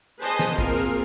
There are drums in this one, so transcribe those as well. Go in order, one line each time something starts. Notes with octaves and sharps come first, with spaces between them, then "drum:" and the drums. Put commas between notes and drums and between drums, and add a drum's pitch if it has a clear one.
G#4 B4 C5 D#5 G#5 A5, drum: hi-hat
drum: snare
A#3 C4 F4 G#4 A#4, drum: kick A#1, hi-hat